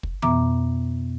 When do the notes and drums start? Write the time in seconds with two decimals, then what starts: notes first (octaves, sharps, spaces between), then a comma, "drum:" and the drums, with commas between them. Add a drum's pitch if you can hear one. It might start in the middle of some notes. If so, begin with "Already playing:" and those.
0.03 drum: kick
0.22 F2 B2 B3 E5 A#5 D6, drum: tom E3